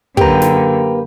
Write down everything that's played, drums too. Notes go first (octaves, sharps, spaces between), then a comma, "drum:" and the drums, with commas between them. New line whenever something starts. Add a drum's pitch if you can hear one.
F#2 D3 A#3 G4 B4 G5 A#5, drum: kick
drum: snare